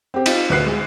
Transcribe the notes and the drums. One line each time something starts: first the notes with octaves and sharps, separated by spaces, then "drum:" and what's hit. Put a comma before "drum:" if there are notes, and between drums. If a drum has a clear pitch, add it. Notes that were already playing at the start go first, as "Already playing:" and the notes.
C4 G4
D#4 F4, drum: cymbal
D2 B4 F#6 C7
G#3